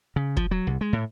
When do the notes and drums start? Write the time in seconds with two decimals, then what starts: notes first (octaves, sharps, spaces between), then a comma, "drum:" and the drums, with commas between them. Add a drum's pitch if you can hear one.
0.16 C#3
0.37 F3, drum: kick
0.51 F#3
0.67 C2
0.81 G#3
0.93 A2